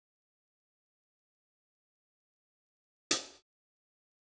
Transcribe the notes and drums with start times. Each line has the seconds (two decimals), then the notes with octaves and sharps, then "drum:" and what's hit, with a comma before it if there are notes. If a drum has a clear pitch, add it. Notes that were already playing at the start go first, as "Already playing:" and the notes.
Already playing: E4
0.08 C#3
0.28 C#3
0.47 B3
0.67 E3
0.85 C#3
1.05 C#4
1.24 G#3
1.43 E3
1.63 G#2 D#4
1.77 E4
1.83 C#4
1.93 F#4
2.02 G#3 E4
2.21 E3 G#4
2.35 A#4
2.41 G#2
2.59 C#4
2.65 C#5
3.11 drum: hi-hat